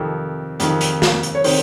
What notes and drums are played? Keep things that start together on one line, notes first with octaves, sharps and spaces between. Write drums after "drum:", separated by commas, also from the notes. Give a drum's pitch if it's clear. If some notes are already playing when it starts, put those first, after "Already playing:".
Already playing: F2 C3 D#3 A4
F2 C3 D#3, drum: hi-hat
drum: hi-hat
drum: snare
drum: hi-hat
C#5
C3 D#3 C5, drum: open hi-hat